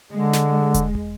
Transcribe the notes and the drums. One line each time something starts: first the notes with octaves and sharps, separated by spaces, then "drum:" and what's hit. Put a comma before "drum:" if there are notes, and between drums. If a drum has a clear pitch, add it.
D3 G#3
drum: snare
drum: kick, hi-hat
drum: kick